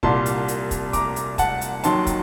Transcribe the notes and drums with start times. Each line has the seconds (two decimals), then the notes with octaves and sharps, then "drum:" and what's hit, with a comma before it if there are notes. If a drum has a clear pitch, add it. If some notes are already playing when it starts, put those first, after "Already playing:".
0.03 C2 A#2 G3 A5 C6, drum: kick
0.26 drum: hi-hat
0.48 drum: hi-hat
0.71 drum: kick, hi-hat
0.93 A#5 D6, drum: kick, hi-hat
1.16 drum: hi-hat
1.38 F#5 A5, drum: kick, hi-hat
1.61 drum: hi-hat
1.84 D#2 D#3 F#3 A5 C6, drum: hi-hat
2.07 drum: kick, hi-hat